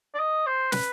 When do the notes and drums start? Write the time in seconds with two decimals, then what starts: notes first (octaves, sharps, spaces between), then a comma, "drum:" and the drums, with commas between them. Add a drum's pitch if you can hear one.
0.15 D5
0.19 D#5
0.46 C5
0.72 B4, drum: snare